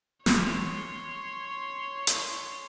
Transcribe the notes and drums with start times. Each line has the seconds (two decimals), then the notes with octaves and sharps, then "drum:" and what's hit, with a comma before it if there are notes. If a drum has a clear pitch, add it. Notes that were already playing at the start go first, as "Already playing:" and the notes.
0.26 C#5 C6, drum: snare
2.07 drum: hi-hat